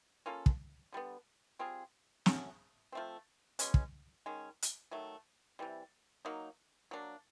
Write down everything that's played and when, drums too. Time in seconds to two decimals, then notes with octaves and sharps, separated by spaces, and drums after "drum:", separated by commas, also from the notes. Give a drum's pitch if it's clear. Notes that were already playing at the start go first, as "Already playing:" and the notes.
0.26 A#3 C#4 F4 A4
0.46 drum: kick
0.93 D3 G3 B3
1.59 G3 C4 F4 G#4
2.26 A3 C#4 F#4, drum: snare
2.92 F3 A3 C4
3.59 B2 G#3 C#4, drum: hi-hat
3.74 drum: kick
4.26 D#3 G#3 C#4
4.62 drum: hi-hat
4.91 D#3 F#3 A3
5.59 C3 E3 G3
6.25 F#3 A#3 D#4
6.91 F#3 A#3 D4